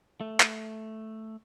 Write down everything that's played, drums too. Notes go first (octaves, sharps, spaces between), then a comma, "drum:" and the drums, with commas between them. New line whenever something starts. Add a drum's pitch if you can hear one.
A3
drum: clap